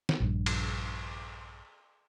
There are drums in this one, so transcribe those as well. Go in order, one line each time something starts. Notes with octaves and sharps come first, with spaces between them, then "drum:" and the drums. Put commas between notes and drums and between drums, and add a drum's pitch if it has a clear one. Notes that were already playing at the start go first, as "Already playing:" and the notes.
drum: snare
A#1 G2
drum: cymbal